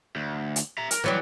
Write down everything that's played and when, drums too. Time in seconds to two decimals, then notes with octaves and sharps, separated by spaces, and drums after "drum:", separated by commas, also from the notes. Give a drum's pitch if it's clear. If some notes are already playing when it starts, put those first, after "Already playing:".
0.16 D2
0.56 drum: hi-hat
0.78 E5 A#5
0.91 A#4, drum: hi-hat
1.04 E3 F#3 G3 B3 G4